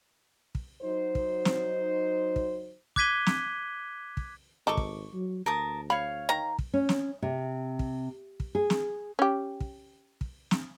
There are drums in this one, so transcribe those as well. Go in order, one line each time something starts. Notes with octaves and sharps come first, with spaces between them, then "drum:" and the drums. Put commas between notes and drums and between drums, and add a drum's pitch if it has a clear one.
drum: kick
F#3 D#4 C5
drum: kick
drum: snare
drum: kick
D6 F#6 G#6 B6 D#7 G7, drum: kick
drum: snare
drum: kick
G#1 D#4 A4 C#6 D6
drum: kick
F#3
D2 A#4 A5 D#6
C#5 F5 B5
D#3 A#5
drum: kick
C#4
drum: snare
C3
drum: kick
drum: kick
G#4
drum: snare
C#4 G4
drum: kick
drum: kick
drum: snare